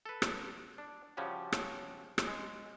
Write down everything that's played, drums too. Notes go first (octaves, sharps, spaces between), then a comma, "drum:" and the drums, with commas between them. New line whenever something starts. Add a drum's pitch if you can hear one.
A4 B4
drum: rim click
D4
C#3 F3 G3 C#4 F#4
drum: rim click
drum: rim click
G#3